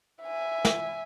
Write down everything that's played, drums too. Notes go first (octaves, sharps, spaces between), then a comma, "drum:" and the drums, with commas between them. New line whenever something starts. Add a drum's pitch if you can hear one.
E5 G#5
drum: snare